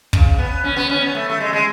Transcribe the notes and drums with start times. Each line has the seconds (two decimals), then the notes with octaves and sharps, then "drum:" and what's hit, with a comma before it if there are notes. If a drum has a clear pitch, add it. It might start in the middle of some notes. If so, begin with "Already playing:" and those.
0.13 C#3, drum: kick
0.38 B3
0.64 C#4
0.76 B3
0.90 C#4
1.02 B3
1.15 A3
1.30 A3
1.40 G#3
1.53 G#3